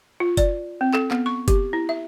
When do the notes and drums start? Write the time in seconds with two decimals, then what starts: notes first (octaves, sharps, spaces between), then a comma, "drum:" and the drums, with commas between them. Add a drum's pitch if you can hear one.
0.20 F4
0.37 D5, drum: kick F#1, hi-hat
0.81 C4
0.93 A4, drum: clap
1.11 B3, drum: clap
1.26 C#6
1.48 G4, drum: kick F#1, hi-hat
1.73 E4
1.89 E5